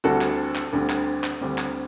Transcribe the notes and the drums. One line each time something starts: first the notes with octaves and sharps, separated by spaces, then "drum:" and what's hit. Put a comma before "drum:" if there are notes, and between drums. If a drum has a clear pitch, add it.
D2 D3 G3 C4 F#4 A4
drum: clap
drum: clap
D2 D3 G3 C4
drum: clap
drum: clap
D2 D3 G3 C4
drum: clap